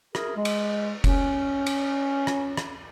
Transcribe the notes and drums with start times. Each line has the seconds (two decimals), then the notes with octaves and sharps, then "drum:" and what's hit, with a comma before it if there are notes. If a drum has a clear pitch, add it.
0.15 E4 F#4 G#4 A#4, drum: rim click
0.36 G#3
0.45 drum: cymbal
1.04 C#4, drum: kick F1, cymbal
1.66 drum: cymbal
2.27 drum: rim click
2.57 drum: rim click